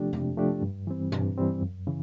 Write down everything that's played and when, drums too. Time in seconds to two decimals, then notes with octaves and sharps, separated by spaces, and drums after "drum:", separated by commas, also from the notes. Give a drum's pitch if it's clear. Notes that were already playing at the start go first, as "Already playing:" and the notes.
Already playing: C3 F3 A3 D4 G4
0.13 C3, drum: tom
0.37 F3 A3 D4 G4
0.62 G2
0.87 E3 G3 C4
1.12 G2, drum: tom A#2
1.38 E3 G3 C4
1.62 F#2
1.87 C#3 E3